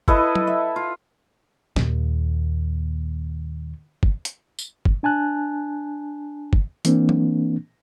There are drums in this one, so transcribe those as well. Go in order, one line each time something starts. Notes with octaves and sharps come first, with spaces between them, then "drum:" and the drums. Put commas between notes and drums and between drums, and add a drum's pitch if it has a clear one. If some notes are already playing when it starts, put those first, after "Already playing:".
E4 A4 B4 D#5, drum: kick
drum: tom F#3
E5
F4
D#2 A#2, drum: snare
drum: kick
drum: hi-hat
drum: tambourine
drum: kick
D4 G#5 A5 F#6
drum: kick
E3 A#3 C4 D4, drum: hi-hat
drum: tom F#3